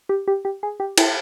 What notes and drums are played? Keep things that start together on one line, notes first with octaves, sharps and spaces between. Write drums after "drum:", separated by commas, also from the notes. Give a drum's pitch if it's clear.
G4
G4
G4
G#4
G4
E4, drum: cymbal